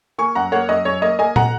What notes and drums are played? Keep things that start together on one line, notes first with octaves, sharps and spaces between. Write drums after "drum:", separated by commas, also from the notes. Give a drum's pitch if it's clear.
A#3 G#5 C#6
F#2 F#5 A#5
A#3 C#5 F#5
F#2 D#5
F#2 C#5
A#3 D#5
A#3 D#5 G#5
F#5 A#5, drum: tom